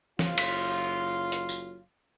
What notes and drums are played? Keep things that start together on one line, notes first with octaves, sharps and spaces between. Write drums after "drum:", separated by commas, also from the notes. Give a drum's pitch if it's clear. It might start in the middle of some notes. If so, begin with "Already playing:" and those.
F#1 F#3 F4, drum: snare
drum: cymbal
drum: hi-hat
drum: tambourine